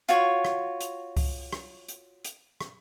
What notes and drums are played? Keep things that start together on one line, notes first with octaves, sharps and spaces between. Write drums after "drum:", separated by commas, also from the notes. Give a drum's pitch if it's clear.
F4 F#4 C#5, drum: hi-hat
drum: rim click
drum: hi-hat
drum: kick C2, open hi-hat
drum: rim click
drum: hi-hat
drum: hi-hat
drum: rim click